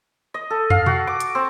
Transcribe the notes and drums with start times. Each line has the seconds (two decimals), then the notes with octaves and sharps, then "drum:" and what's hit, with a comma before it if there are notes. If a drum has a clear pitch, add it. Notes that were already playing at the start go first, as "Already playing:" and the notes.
0.34 D#5
0.50 A4
0.70 F5, drum: tom
0.86 F#4, drum: tom
1.07 D6
1.20 drum: hi-hat
1.35 C4